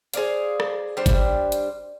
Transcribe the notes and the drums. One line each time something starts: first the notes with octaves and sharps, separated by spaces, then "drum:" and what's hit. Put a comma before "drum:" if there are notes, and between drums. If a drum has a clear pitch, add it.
G#4 C5 D5 F5, drum: hi-hat
drum: rim click
G3 D4 C5
drum: kick G1, hi-hat
drum: hi-hat